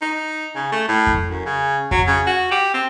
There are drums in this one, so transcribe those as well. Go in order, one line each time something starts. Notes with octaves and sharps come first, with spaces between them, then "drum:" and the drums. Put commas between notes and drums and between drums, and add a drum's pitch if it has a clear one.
D#4
C#3
A3
A2
drum: kick F2
F#2
C#3
F#3, drum: kick F2
C#3
F#4
G4
C4